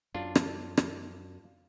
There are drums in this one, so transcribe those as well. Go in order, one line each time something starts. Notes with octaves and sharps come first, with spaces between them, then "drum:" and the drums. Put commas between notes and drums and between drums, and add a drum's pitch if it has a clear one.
F#2 D4 F4
drum: rim click
drum: rim click